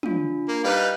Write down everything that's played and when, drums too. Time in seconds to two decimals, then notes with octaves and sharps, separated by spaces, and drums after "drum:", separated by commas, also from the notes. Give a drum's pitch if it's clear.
0.03 D4 F4, drum: tom
0.49 A#3
0.64 G3 D#4 B4 F5